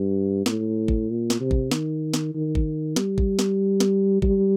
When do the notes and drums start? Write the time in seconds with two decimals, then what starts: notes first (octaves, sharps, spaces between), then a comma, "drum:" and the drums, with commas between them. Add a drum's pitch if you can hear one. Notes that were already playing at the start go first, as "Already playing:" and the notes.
Already playing: G2
0.46 A2, drum: snare
0.88 drum: kick
1.10 A#2
1.30 drum: snare
1.40 C3
1.51 drum: kick
1.71 D#3, drum: snare
2.14 drum: snare
2.34 D#3
2.55 drum: kick
2.96 G3, drum: snare
3.18 drum: kick
3.39 drum: snare
3.80 drum: snare
4.22 G3, drum: kick